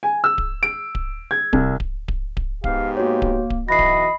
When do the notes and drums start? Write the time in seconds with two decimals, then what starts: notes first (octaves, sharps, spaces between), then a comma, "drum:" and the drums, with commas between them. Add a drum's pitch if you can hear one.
0.03 G#5
0.24 E6
0.38 drum: kick D1
0.63 D7
0.95 drum: kick D1
1.31 G#6
1.53 C2, drum: kick D1
1.80 drum: kick D1
2.08 drum: kick D1
2.37 drum: kick D1
2.64 G#2 B3 G4 F5, drum: kick D1
2.97 A#3 F#4 C#5
3.22 drum: kick D1
3.50 drum: kick D1
3.69 B1 E3 F#4 D#5 B5 A#6 C7
3.79 drum: kick D1